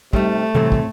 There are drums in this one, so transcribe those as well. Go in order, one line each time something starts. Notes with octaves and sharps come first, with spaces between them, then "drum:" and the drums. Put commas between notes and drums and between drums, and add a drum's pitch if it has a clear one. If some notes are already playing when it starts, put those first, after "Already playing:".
C3 G3 A3 D#4, drum: kick
A2 C3 E3 G3 C4 A4
drum: kick